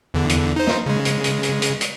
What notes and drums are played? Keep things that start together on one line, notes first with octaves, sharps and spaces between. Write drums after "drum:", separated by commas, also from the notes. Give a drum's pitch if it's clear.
E2 D3
drum: hi-hat
D#4 C5
drum: snare
C#3 G#3
drum: hi-hat
drum: hi-hat
drum: hi-hat
drum: hi-hat
drum: hi-hat